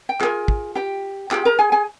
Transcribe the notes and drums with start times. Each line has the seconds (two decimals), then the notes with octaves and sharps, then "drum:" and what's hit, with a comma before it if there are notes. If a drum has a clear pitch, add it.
0.09 G5
0.21 F4 G#4 A#4 G#5, drum: clap
0.48 drum: kick
0.75 G4 G5
1.31 F4 G4 G#4 G5, drum: clap
1.45 A#4 A#5
1.59 G#4 G#5
1.72 G#4 G#5